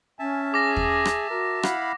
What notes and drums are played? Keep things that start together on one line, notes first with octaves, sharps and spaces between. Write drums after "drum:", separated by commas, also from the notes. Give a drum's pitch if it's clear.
C#4 E5 G#5 A5
G#4 D6 A#6
drum: kick
drum: rim click
F#4 A#4
E4 F5 F#5 B5, drum: rim click